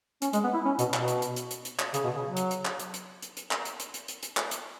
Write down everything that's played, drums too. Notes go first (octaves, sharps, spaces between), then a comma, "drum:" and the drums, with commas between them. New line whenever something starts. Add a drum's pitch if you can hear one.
C#4, drum: hi-hat
G#3, drum: hi-hat
B3
E4
C#4
B2, drum: hi-hat
B2, drum: clap
drum: hi-hat
drum: hi-hat
drum: hi-hat
drum: hi-hat
drum: hi-hat
drum: clap
C#3, drum: hi-hat
B2
C#3
F#3
drum: hi-hat
drum: hi-hat
drum: clap
drum: hi-hat
drum: hi-hat
drum: hi-hat
drum: hi-hat
drum: clap
drum: hi-hat
drum: hi-hat
drum: hi-hat
drum: hi-hat
drum: hi-hat
drum: clap
drum: hi-hat